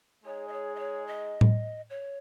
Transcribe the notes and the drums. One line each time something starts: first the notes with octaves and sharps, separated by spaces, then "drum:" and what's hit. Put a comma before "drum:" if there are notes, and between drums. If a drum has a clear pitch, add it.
G#3 D#4 G#4 C#5
D#5
C#5
D#5
C#5
D#5
drum: tom A2
C#5